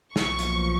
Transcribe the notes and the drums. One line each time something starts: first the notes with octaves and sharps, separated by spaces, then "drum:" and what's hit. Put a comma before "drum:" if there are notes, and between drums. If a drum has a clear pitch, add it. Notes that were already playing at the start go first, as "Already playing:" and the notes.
B1 A#2 F3 C#6, drum: snare
drum: hi-hat